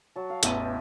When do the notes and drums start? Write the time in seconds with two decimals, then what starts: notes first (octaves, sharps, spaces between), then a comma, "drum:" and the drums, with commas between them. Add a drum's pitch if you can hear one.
0.16 F#3 A5
0.30 F5
0.43 A1 E2 B3 E5 D#7, drum: hi-hat